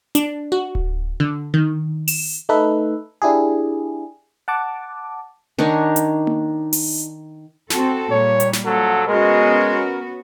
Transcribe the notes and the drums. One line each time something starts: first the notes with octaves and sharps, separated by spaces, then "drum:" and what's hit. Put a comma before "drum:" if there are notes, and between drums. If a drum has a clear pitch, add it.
D4, drum: hi-hat
F#4
drum: kick D1
D3
D#3
E7, drum: open hi-hat
A3 D#4 A4 B4 E5
D4 E4 G4 G#4
F#5 A5 D6
D#3 D4 D#4 C#5
drum: hi-hat
drum: tom A#3
drum: open hi-hat
C4 F#4 A4, drum: snare
A#2 G3 C#5
drum: hi-hat
drum: snare
D3 F3 F#3 A4
G#3 B3 C#4 F#4 A#4